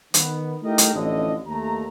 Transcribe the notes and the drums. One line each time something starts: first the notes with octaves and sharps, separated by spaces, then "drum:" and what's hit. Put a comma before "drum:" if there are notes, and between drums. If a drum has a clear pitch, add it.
D#3 B3, drum: hi-hat
A3 D#4 E4 G4 A#4 D#5
drum: hi-hat
A1 F2 A2 D3 D#5
D#2 A3 A#5